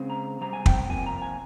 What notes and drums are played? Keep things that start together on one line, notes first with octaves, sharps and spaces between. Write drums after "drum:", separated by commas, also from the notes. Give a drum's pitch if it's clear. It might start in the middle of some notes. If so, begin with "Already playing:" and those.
Already playing: C#3 G#3 C4
A#5
C3 G3 C4 A#5
G#5
G5, drum: kick
G5
C3 F3 A#3 G#5
A#5
G#5